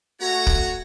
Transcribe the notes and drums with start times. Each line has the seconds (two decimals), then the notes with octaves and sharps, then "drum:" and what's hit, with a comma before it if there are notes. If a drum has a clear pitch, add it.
0.21 A3 F#4 C#5 F#5 A#5
0.47 drum: kick